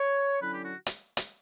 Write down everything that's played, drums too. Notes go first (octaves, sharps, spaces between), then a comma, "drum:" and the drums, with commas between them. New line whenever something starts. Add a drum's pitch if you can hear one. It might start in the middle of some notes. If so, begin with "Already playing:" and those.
Already playing: C#5
D3 F#3 C#4 E4 B4
G4
F#4
drum: hi-hat
drum: hi-hat